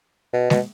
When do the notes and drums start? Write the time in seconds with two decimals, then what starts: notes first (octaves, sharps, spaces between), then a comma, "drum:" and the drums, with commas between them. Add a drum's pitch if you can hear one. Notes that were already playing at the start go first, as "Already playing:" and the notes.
0.33 B2
0.50 B2, drum: snare G#3